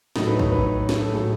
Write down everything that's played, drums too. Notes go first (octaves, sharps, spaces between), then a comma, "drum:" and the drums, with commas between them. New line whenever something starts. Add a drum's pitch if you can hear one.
A2 F#3 A3 D#4, drum: snare
B4
C#5, drum: kick
B4
drum: snare
A4
A2 F#3 A3 G#4